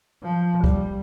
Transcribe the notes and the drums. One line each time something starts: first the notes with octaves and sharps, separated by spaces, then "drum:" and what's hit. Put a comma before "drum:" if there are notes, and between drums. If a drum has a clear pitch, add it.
F3
G3, drum: kick